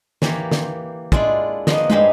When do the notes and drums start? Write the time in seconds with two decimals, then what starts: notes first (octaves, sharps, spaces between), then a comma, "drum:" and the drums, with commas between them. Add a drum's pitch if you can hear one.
0.22 E3 A#3 G4 C#5, drum: snare
0.51 drum: snare
1.12 G#3 D4 E4 F4 D5, drum: kick
1.67 F3 A#3 B3 D#5 C6, drum: snare
1.90 G2 G3 G#3 D#4 C5 B5, drum: tom G#3